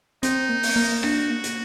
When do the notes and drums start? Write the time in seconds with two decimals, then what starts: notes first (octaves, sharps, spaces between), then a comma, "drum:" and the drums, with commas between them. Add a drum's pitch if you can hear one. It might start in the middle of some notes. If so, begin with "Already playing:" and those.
0.23 C4 D#4, drum: hi-hat
0.49 A#3
0.63 drum: open hi-hat
0.76 A#3
1.03 D4 F#4, drum: rim click
1.30 A#3
1.44 drum: hi-hat